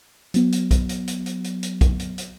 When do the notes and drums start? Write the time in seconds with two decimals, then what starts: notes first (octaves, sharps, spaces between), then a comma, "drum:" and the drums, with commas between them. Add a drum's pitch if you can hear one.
0.34 F#3 B3, drum: hi-hat
0.52 drum: hi-hat
0.71 drum: kick B1, hi-hat
0.89 drum: hi-hat
1.08 drum: hi-hat
1.26 drum: hi-hat
1.44 drum: hi-hat
1.63 drum: hi-hat
1.81 drum: kick B1, hi-hat
1.99 drum: hi-hat
2.18 drum: hi-hat